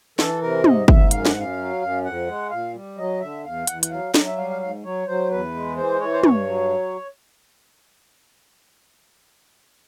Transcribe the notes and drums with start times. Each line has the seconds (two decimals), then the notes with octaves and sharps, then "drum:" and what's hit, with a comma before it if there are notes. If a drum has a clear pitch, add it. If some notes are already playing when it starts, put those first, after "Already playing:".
0.19 E3 A4, drum: snare
0.41 C3 A#4
0.64 G#2 D#5, drum: tom
0.88 G#2 E5, drum: kick
1.11 F#2 F5, drum: hi-hat
1.25 F#5, drum: snare
1.35 F#2 F5
1.58 F#3
1.82 F#2
2.05 F2 F#5
2.27 G#3
2.51 A#2 F5
2.74 G3
2.98 F#3 D#5
3.21 D3 E5
3.44 E2 F5
3.67 E2 F#5, drum: hi-hat
3.83 F#5, drum: hi-hat
3.90 F#3 F5
4.14 F#3, drum: snare
4.27 E5
4.38 G3 F5
4.50 F5
4.61 G#2 F5
4.84 F#3 C#5
5.07 F#3 C5
5.30 E2 B4
5.55 G#3
5.77 E3 C5
6.00 E3 C#5
6.13 C5
6.24 G2 C#5, drum: tom
6.47 F#3